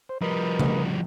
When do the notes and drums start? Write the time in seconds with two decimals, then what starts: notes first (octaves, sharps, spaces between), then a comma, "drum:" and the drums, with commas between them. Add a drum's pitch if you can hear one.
0.09 C5
0.22 F3 G3 A#4 B4 D#5
0.59 drum: tom C#3